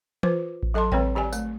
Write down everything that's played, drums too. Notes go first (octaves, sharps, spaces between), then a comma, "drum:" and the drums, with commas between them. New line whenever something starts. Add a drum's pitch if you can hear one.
F4 B4 C5 D6, drum: tom E3
drum: kick A1
F#3 A4 D#5 A5 C6
D3 G#3 C4 B4 C#5 G5, drum: kick A1
D3 G4 D5 G#5
A3, drum: tambourine